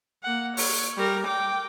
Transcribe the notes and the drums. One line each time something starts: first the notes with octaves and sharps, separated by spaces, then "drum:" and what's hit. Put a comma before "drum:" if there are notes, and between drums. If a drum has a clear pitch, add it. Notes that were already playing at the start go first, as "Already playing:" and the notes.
A#3 F#5
C#5, drum: open hi-hat
G3 A#4
G5 D6